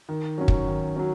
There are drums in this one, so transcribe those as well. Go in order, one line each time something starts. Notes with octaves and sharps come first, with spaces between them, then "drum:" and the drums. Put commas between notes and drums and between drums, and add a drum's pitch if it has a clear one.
D#3
F#3 C#4
drum: kick
D#3
F#3 C#4